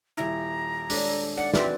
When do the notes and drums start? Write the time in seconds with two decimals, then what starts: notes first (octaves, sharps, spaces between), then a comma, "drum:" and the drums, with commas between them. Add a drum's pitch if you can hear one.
0.17 D#1 E4 A#5
0.90 G#3 D4 A4 C#5, drum: open hi-hat
1.37 D#4 D5 F#5
1.54 E3 C4 F#4 B4 D5 E5, drum: snare